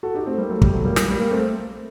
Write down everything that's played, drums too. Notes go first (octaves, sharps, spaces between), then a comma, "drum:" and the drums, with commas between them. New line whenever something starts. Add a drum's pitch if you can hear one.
F#4 A4
D#4 G4
A3 C4
G3 A#3
F#3 A3
G3, drum: kick
F#3 A3
G3 A#3
G3, drum: snare
G3 A#3
G3 A#3
A3 C4